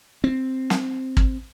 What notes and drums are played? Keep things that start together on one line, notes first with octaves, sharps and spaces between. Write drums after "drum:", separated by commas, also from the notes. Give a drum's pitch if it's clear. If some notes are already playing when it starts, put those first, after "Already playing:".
C4
drum: snare
drum: kick